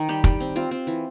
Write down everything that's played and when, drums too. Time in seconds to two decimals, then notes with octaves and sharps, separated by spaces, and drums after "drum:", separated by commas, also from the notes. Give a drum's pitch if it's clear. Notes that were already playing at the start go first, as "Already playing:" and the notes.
Already playing: D#3 C5
0.09 G3 G4
0.24 G3, drum: kick
0.40 C4
0.56 C4 F4
0.71 C4
0.87 E3